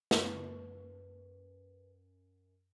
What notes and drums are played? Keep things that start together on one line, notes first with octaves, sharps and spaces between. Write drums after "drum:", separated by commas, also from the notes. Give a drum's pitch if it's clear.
F#2 B4, drum: snare